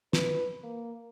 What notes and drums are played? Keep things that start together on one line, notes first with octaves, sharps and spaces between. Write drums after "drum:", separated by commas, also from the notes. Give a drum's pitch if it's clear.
B4, drum: snare
A#3